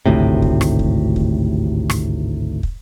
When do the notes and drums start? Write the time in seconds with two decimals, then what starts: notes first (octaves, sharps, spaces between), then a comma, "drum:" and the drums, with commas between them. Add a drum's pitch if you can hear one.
0.06 G#1 D2 A2 C3
0.42 drum: kick
0.61 drum: rim click
0.79 drum: kick
1.16 drum: kick
1.90 drum: rim click
2.63 drum: kick